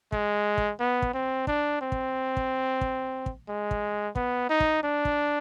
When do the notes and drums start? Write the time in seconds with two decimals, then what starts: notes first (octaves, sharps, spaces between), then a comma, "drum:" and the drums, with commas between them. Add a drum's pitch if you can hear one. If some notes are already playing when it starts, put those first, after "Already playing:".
0.12 G#3, drum: kick
0.58 drum: kick
0.79 B3
1.02 drum: kick
1.14 C4
1.47 D4, drum: kick
1.81 C4
1.92 drum: kick
2.37 drum: kick
2.81 drum: kick
3.26 drum: kick
3.48 G#3
3.71 drum: kick
4.15 B3, drum: kick
4.49 D#4
4.60 drum: kick
4.83 D4
5.05 drum: kick